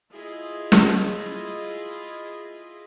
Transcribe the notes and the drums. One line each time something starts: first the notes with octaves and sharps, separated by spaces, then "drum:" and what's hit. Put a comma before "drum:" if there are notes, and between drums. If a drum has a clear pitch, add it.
E4 F4 G#4 D#5
drum: snare